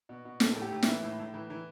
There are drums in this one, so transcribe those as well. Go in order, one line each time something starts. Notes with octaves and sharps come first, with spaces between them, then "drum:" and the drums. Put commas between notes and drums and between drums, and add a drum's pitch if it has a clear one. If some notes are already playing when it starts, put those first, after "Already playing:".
B2
B2
A2 A4, drum: snare
A2 A4
G4
A2
E4, drum: snare
E3
A2
A2
E3
E3